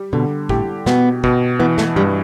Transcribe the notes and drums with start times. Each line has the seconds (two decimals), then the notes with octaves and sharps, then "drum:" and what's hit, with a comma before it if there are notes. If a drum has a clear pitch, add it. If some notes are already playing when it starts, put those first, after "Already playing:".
Already playing: G3 G4
0.13 B2 D3
0.49 A2 G4, drum: kick
0.86 B2 B3, drum: snare
1.24 B2, drum: kick
1.59 E3 B3
1.78 A3, drum: snare
1.96 G2 G3